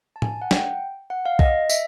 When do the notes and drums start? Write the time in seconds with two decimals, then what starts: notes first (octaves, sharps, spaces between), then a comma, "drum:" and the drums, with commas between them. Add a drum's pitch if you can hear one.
0.16 A5
0.22 G#5, drum: tom A2
0.42 F#5
0.51 G5, drum: snare
1.10 F#5
1.26 F5
1.39 D#5, drum: kick
1.70 E5, drum: tambourine